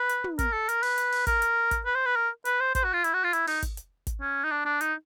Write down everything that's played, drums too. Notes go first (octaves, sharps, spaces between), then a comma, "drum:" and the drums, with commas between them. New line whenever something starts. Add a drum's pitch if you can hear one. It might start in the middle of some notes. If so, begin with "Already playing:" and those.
Already playing: B4
drum: hi-hat
drum: tom
A#4, drum: kick, hi-hat
A4
A#4, drum: hi-hat
B4, drum: open hi-hat
drum: hi-hat
drum: open hi-hat
A#4, drum: kick, hi-hat
drum: hi-hat
drum: kick, hi-hat
B4
C5
B4
A#4
B4, drum: hi-hat
C5
C5, drum: kick, hi-hat
F#4
F4
E4, drum: hi-hat
F#4
F4
E4, drum: hi-hat
D#4, drum: open hi-hat
drum: kick, hi-hat
drum: hi-hat
drum: kick, hi-hat
C#4
D#4
D4
D4
D#4, drum: hi-hat